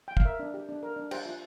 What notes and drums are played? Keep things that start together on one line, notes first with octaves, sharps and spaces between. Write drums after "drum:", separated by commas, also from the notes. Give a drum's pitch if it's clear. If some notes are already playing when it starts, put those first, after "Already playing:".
G5
F5, drum: kick
A#4 E5
D4
G4
D4
A#4
D4
G4 C5 G5, drum: cymbal
F4